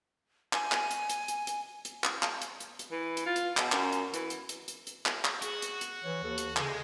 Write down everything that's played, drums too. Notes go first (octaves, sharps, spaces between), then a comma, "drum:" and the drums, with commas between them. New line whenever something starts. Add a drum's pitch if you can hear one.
G#5, drum: clap
drum: clap
drum: hi-hat
drum: hi-hat
drum: hi-hat
drum: hi-hat
drum: hi-hat
drum: clap
drum: clap
drum: hi-hat
drum: hi-hat
drum: hi-hat
E3
drum: hi-hat
F4
drum: hi-hat
B2, drum: clap
F#2, drum: clap
drum: hi-hat
E3, drum: hi-hat
drum: hi-hat
drum: hi-hat
drum: hi-hat
drum: hi-hat
drum: clap
drum: clap
F#4 G#4, drum: hi-hat
drum: hi-hat
drum: hi-hat
E3 C#5
D#2 A4
drum: hi-hat
C#3 G#3, drum: clap